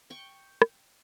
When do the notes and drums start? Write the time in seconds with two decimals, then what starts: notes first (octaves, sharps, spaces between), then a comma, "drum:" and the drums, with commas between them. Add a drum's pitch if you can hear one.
0.10 G5 C#6
0.62 drum: rim click